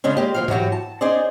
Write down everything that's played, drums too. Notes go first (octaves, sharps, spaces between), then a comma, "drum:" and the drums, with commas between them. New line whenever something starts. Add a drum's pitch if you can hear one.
C#3 G#3 C#4 D4
G#3 A#3 G4
D2 F3 F5
E3 F#3 F#4 G4, drum: tom G#2
A5
C#4 D#4 G#4 C5 D5